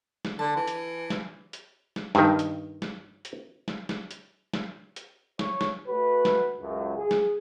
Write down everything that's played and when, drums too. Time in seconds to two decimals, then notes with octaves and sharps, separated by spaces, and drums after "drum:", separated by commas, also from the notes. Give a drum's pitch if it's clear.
0.25 drum: snare
0.39 D3 A5
0.56 E3
0.68 drum: hi-hat
1.10 drum: snare
1.53 drum: hi-hat
1.96 drum: snare
2.15 G2 D#3, drum: snare
2.39 drum: hi-hat
2.82 drum: snare
3.25 drum: hi-hat
3.68 drum: snare
3.89 drum: snare
4.11 drum: hi-hat
4.54 drum: snare
4.96 drum: hi-hat
5.39 C#5, drum: snare
5.61 drum: snare
5.87 A3 F#4 B4
6.25 drum: snare
6.59 C#2 F#2
6.97 G#4
7.11 drum: snare